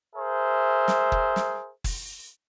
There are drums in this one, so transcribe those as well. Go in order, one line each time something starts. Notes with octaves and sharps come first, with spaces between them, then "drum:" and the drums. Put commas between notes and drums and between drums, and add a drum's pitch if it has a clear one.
G#4 A#4 C5 E5
drum: snare
drum: kick
drum: snare
drum: kick, open hi-hat